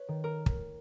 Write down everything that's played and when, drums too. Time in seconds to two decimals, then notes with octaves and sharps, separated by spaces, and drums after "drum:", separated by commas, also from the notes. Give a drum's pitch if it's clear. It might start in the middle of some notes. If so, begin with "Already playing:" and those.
Already playing: B4 C#5
0.09 D#3
0.24 A#4
0.46 drum: kick